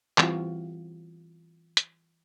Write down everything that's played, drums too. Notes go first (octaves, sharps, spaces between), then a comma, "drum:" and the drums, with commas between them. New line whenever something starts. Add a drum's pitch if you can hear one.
E3 G3 C4 F4 F#4, drum: clap
drum: hi-hat